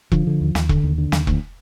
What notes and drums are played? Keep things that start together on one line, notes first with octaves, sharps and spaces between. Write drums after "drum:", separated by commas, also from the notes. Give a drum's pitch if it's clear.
D3 F3, drum: kick E1
D3
D#2
D#2, drum: snare
D3, drum: kick E1
D#2
D3
D#2, drum: snare
D2, drum: kick E1